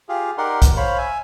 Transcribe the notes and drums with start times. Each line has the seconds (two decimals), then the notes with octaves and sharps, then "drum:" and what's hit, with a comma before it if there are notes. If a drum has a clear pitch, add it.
0.09 F4 G4 G#4 F5
0.38 D#4 G4 A#4 D5 F#5 C6
0.62 drum: kick, hi-hat
0.77 C5 C#5 F5 B5
0.98 E5 G#5